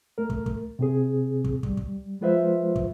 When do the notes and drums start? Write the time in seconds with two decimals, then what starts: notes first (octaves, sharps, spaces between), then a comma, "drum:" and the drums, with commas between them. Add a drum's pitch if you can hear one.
0.18 A3 A#4
0.30 drum: kick
0.46 drum: kick
0.79 C3 C4 G#4
1.45 drum: kick
1.63 G3, drum: kick
1.77 drum: kick
2.21 F3 G#3 F4 B4 C5 E5
2.76 drum: kick